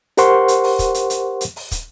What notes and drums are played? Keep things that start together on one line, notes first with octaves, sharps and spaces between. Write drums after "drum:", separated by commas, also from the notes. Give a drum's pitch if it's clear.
G4 A#4 C5 F#5 C6 C#6, drum: hi-hat
drum: hi-hat
drum: open hi-hat
drum: kick, hi-hat
drum: hi-hat
drum: hi-hat
drum: hi-hat
drum: open hi-hat
drum: kick, hi-hat